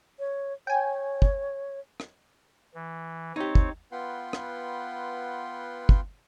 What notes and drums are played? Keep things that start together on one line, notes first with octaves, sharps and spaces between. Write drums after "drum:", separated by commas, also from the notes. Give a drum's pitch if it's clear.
C#5
C#5 G5 G#5
drum: kick
drum: rim click
E3
C4 D#4 G4 C#5
drum: kick
B3 F4 B4 F#5 G5 C6
drum: rim click
drum: kick